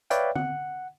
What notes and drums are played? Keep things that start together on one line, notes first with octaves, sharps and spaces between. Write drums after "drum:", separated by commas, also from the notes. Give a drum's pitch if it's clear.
B4 C#5 D5 E5 F5 G5, drum: hi-hat
F#5, drum: tom